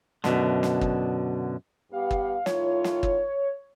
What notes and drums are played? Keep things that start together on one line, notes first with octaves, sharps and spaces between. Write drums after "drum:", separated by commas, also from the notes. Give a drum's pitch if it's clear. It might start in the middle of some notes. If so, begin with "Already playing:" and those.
F#2 B2 D3, drum: snare
drum: snare
drum: kick
G2 B3 G4 F5
drum: kick
A2 D#3 F4 C#5, drum: snare
drum: snare
drum: kick